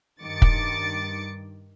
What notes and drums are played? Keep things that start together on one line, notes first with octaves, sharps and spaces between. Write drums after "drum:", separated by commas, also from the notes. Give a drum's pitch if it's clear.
G2 D#3 D6 A6 C#7
drum: kick